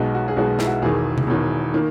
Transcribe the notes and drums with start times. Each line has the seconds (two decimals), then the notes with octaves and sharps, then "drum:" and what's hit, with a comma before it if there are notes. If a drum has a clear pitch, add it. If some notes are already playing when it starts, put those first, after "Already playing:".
Already playing: B1 B2 G#3 D#4 F#4
0.15 F#4
0.28 G#4
0.36 B1 B2 G#3 D#4 F#4
0.59 E4, drum: snare
0.67 F#4
0.82 E1 E2 D#3 G#4
1.18 drum: tom C3
1.27 E1 E2 D#3
1.74 D#3 A#3